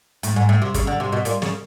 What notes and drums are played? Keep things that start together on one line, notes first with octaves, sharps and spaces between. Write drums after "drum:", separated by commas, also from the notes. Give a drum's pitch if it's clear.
A2, drum: hi-hat
G#2
A2
C3
C#3, drum: kick, hi-hat
D3
C3
B2
A#2, drum: hi-hat
C#3, drum: snare